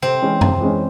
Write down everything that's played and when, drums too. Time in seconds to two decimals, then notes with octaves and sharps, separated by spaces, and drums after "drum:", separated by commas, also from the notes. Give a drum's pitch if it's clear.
0.02 C3 C4
0.22 E3 G#3 C#4
0.41 C3, drum: tom F#2
0.60 E3 G#3 C#4